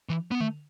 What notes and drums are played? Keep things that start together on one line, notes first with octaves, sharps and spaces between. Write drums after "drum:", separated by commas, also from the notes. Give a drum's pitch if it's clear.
E3
B3
A3, drum: tom D3